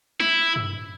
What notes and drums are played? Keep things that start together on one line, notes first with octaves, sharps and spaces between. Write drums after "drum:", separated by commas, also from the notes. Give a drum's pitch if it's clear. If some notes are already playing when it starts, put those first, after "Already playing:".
E4, drum: snare
drum: tom